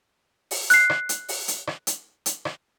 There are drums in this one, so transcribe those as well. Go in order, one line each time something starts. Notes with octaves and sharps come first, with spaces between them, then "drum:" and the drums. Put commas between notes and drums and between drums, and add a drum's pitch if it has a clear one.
drum: open hi-hat
F#6 C7, drum: hi-hat
drum: rim click
drum: hi-hat
drum: open hi-hat
drum: hi-hat
drum: rim click
drum: hi-hat
drum: hi-hat
drum: rim click